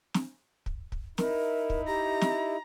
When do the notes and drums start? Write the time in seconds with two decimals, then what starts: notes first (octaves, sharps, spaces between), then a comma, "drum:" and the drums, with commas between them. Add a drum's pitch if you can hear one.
0.14 drum: snare
0.66 drum: kick
0.92 drum: kick
1.18 D#4 E4 A#4, drum: snare
1.70 drum: kick
1.87 G4 A#5
2.21 drum: snare